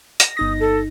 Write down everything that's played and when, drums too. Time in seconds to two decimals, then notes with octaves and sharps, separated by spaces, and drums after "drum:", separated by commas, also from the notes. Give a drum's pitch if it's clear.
0.20 A#6, drum: hi-hat
0.37 G1 D#4 D#6 A#6
0.60 A4